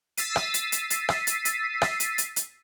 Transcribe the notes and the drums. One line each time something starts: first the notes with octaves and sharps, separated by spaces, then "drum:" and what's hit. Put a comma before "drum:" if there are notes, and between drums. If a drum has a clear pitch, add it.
E6 A6 B6 C7 D#7, drum: hi-hat
drum: rim click
drum: hi-hat
drum: hi-hat
drum: hi-hat
drum: rim click
drum: hi-hat
drum: hi-hat
drum: rim click
drum: hi-hat
drum: hi-hat
drum: hi-hat